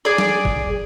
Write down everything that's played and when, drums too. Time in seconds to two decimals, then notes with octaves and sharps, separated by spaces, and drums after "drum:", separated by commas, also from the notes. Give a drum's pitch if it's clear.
0.05 G#4 D5
0.18 drum: snare G3
0.45 drum: kick